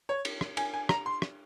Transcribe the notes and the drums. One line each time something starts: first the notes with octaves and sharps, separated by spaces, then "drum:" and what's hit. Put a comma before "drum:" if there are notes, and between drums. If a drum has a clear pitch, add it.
C#5
drum: cymbal
drum: rim click
G#5, drum: cymbal
G#5
A#5, drum: rim click
C6
drum: rim click